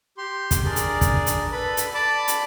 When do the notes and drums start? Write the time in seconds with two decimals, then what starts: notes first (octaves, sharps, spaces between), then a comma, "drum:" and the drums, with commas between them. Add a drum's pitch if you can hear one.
0.18 G4 C6
0.51 drum: kick, hi-hat
0.65 D4 G#4 A#4 D5
0.76 drum: hi-hat
1.01 drum: kick, hi-hat
1.27 drum: hi-hat
1.52 A4 B4 B5
1.77 drum: hi-hat
1.95 D5 A5 B5 D6
2.28 drum: hi-hat